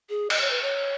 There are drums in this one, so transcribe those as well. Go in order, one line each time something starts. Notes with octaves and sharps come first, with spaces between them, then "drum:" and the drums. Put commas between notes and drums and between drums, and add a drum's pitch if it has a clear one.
G#4
D#5, drum: cymbal
C#5
B4
C#5